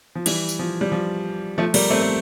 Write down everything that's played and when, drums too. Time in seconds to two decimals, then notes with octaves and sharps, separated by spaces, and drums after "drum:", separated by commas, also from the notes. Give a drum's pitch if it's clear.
0.15 F3
0.26 E3 G3, drum: cymbal
0.49 drum: tambourine
0.59 F3
0.81 G3
0.92 F3
1.58 F3 A3
1.74 G3 A#3, drum: cymbal
1.90 A3 C4
2.01 A3